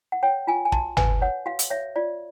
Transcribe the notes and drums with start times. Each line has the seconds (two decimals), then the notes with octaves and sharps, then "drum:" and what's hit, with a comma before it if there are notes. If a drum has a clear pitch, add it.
0.12 F#5
0.23 C#5 G5
0.47 F4 G#5
0.65 G#5
0.72 F#4 A5, drum: kick
0.97 B4 G#5, drum: tom
1.22 C#5 F#5
1.46 F#4 F5
1.59 drum: hi-hat
1.70 C#5 E5
1.96 F4 D5